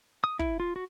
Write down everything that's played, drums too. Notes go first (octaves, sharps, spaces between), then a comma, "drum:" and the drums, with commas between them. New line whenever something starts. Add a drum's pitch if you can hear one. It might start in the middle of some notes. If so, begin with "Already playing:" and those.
D#6
E4, drum: kick
F4
F#4